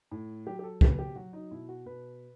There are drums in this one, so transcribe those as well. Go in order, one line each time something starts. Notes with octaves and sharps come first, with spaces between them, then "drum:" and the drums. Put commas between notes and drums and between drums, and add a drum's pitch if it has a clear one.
A2
F#3 G4
G4
A4
B2 B4, drum: kick
G4
F#3 F#4
D#4
B2 E4
F#4
B2 B4